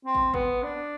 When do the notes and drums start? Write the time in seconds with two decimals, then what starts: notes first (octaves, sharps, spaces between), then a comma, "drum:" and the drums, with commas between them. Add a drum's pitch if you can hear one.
0.05 C4
0.15 drum: kick
0.34 B3, drum: kick
0.63 D4